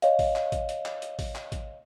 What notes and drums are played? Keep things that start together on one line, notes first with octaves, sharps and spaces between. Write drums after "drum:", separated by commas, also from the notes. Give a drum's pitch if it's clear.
C#5 D#5 F5, drum: hi-hat
drum: kick A1, open hi-hat
drum: clap
drum: kick A1, hi-hat
drum: hi-hat
drum: clap
drum: hi-hat
drum: kick A1, open hi-hat
drum: clap
drum: kick A1, hi-hat